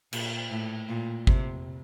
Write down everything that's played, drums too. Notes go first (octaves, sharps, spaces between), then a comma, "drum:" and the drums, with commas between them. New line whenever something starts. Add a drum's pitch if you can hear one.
A#2, drum: cymbal
A2
A#2
C3, drum: kick G#1